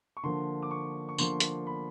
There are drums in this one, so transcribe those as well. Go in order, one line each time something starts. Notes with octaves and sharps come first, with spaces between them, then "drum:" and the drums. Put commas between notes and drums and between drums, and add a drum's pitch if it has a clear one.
C#6
D3 F3 A#3 C6
D6
C#6
C#6
D3 F3 A#3 C6, drum: tambourine
drum: hi-hat
B5